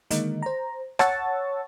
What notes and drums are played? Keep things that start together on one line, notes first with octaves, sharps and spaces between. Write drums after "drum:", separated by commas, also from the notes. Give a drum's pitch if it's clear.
D3 D#3 G#3 A#3 D#4, drum: hi-hat
C5 A#5
C#5 F#5 A5 C#6 E6 A6, drum: rim click